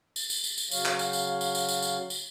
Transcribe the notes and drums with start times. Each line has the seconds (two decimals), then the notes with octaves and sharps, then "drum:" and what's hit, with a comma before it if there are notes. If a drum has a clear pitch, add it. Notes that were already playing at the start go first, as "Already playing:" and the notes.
0.16 drum: tambourine
0.30 drum: tambourine
0.44 drum: tambourine
0.58 drum: tambourine
0.71 C#3 F#3 C#5 F5, drum: tambourine
0.85 drum: clap
0.99 drum: tambourine
1.13 drum: tambourine
1.41 drum: tambourine
1.55 drum: tambourine
1.69 drum: tambourine
1.82 drum: tambourine
2.10 drum: tambourine